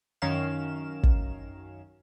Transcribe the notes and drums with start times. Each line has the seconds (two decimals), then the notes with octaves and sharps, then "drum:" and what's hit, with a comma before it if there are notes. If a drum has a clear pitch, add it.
0.22 F#2 D#3 C#4 A#4 F5 E7
1.03 drum: kick